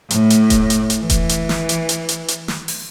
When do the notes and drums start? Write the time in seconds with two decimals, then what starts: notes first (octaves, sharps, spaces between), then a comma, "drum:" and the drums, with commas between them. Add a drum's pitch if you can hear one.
0.10 A2, drum: hi-hat
0.30 drum: hi-hat
0.50 drum: kick E1, hi-hat
0.70 drum: hi-hat
0.90 drum: hi-hat
1.00 E3
1.10 drum: kick E1, hi-hat
1.29 drum: hi-hat
1.49 drum: snare
1.69 drum: hi-hat
1.89 drum: hi-hat
2.09 drum: hi-hat
2.28 drum: hi-hat
2.48 drum: snare
2.68 drum: open hi-hat